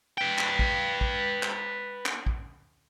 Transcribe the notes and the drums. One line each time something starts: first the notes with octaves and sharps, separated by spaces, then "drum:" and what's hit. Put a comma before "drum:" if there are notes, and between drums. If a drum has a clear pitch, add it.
B4 G5
drum: clap
drum: kick A#1
drum: kick A#1
drum: clap
drum: clap
drum: kick A#1